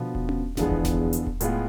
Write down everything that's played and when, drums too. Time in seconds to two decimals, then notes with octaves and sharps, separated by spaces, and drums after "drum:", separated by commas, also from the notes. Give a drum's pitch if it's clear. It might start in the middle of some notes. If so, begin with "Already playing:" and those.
Already playing: B2 D3 F3 B3
0.15 drum: kick D#1
0.29 drum: tom C#4
0.57 E2 D3 F3 G#3 B3, drum: snare G1
0.71 drum: kick D#1
0.85 drum: snare G1
1.13 drum: hi-hat
1.27 drum: kick D#1
1.41 A2 G#3 B3 F4, drum: hi-hat